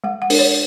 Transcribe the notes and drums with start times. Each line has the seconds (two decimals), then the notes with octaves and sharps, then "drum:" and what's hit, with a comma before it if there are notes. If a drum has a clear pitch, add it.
0.04 G#3 F#5
0.22 F#5
0.30 D4, drum: open hi-hat
0.39 C#5